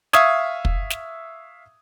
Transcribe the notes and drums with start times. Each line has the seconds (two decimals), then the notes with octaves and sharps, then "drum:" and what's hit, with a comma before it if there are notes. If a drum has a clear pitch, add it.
0.13 E5 F5 C#6 D#6 G#6, drum: snare
0.65 drum: kick
0.90 drum: snare